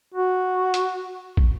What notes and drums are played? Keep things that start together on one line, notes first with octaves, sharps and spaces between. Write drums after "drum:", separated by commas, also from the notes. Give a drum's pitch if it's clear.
F#4
drum: hi-hat
drum: kick